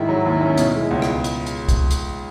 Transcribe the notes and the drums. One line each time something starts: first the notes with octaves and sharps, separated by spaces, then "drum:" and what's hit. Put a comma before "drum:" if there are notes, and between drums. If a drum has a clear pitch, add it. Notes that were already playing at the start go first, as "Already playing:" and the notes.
Already playing: G#2 D#3 E4
F#3
D#2
C#4
B2, drum: hi-hat
G#3
C#2
drum: rim click
drum: hi-hat
drum: hi-hat
drum: kick C2, hi-hat
drum: hi-hat